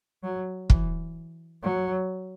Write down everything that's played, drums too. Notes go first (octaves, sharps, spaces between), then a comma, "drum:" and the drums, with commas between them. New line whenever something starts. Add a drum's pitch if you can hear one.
F#3
E3, drum: kick
F#3